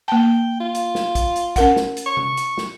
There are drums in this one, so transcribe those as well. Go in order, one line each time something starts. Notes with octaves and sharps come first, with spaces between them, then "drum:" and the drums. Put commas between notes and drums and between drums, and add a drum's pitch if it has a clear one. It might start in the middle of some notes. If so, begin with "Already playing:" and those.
A#3 G5 A5
F4
drum: hi-hat
drum: snare
drum: kick, hi-hat
drum: hi-hat
C#4 A#4 F#5, drum: kick, hi-hat
drum: snare
drum: hi-hat
C#6
drum: tom C3
drum: hi-hat
drum: snare